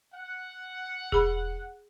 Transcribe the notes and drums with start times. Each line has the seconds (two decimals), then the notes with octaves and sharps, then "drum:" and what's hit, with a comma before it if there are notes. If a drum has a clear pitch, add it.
0.14 F#5
1.12 G#4 B5, drum: kick E1